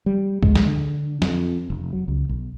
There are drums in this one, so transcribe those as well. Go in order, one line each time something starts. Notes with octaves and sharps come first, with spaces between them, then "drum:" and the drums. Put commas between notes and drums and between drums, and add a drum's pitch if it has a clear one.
G3
G#3, drum: kick C#2
drum: snare
D3
F2, drum: snare
F1
F#3
C#2
B1